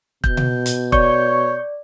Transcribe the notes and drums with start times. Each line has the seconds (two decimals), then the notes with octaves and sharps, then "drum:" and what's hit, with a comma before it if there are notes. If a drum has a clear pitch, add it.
0.24 B2 G6, drum: kick E1
0.37 drum: tom B2
0.66 drum: hi-hat
0.92 C#5 D5 C#6 G6, drum: kick E1